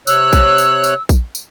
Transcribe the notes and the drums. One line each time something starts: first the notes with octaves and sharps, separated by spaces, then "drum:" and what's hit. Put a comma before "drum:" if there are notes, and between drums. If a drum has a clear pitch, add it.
C3 C#5 E6 F#6, drum: tambourine
drum: kick A#1, tambourine
drum: tambourine
drum: tambourine
drum: kick A#1, tambourine
drum: tambourine